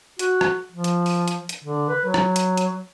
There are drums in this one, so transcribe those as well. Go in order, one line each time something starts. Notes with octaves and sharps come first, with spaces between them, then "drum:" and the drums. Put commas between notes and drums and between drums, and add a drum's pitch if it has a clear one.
F#4, drum: hi-hat
drum: rim click
F3
drum: hi-hat
drum: open hi-hat
drum: hi-hat
drum: hi-hat
D3
B4
F#3
drum: rim click
drum: hi-hat
drum: hi-hat